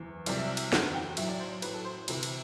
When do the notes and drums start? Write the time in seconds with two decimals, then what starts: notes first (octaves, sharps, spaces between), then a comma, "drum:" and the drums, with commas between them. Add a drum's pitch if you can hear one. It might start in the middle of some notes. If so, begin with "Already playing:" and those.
Already playing: F#1 E2 E3
0.26 C2 C3 F#3 D5, drum: cymbal
0.38 E5
0.57 drum: cymbal
0.72 F#1 E2 D3 F#3 F#5, drum: snare
0.94 G5
1.17 B1 A2 F#3 E5, drum: cymbal
1.28 D5
1.40 C5
1.51 C5
1.62 A1 A2 F#3 B4, drum: cymbal
1.74 A4
1.85 C5
1.97 C5
2.08 D2 C3 E3, drum: cymbal
2.23 drum: cymbal